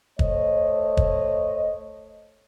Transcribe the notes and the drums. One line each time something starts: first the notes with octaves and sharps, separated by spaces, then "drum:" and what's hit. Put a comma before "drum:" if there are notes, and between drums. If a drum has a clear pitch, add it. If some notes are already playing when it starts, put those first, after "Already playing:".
A3 C5 C#5 D#5, drum: kick
drum: kick